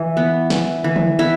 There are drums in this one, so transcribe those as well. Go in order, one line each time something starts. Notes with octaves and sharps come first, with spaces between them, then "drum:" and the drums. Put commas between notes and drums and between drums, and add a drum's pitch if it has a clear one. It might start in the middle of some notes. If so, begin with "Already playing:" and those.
Already playing: E3 E4
B3
E3, drum: snare
E3
drum: tom
B3 E4